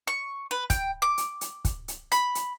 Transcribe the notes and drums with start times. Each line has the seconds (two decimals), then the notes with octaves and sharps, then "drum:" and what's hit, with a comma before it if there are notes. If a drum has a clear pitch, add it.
0.07 C#6
0.51 B4
0.70 G5, drum: kick, hi-hat
1.02 D6
1.18 drum: hi-hat
1.41 drum: hi-hat
1.65 drum: kick, hi-hat
1.88 drum: hi-hat
2.12 B5, drum: hi-hat
2.35 drum: hi-hat